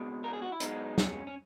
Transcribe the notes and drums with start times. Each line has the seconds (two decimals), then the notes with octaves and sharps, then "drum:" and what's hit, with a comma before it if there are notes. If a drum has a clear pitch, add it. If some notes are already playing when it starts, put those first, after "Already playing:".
Already playing: C#2 B2 G#3
0.24 A#4
0.33 G#4
0.42 F#4
0.52 E4
0.60 B1 B2 G#3 D#4, drum: hi-hat
0.98 C#4, drum: snare
1.27 C#4